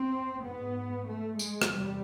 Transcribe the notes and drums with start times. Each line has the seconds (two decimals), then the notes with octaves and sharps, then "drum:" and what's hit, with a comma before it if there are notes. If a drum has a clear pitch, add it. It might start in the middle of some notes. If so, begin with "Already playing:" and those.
Already playing: C4
0.44 G#2 B3
1.08 A3
1.39 G#3, drum: tambourine
1.62 drum: rim click
1.71 E2 C3 G3